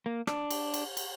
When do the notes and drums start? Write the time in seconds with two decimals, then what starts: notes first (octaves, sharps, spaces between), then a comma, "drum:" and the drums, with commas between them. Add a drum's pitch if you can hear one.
0.06 A#3
0.27 D4, drum: rim click
0.50 drum: cymbal
0.74 drum: cymbal
0.97 drum: cymbal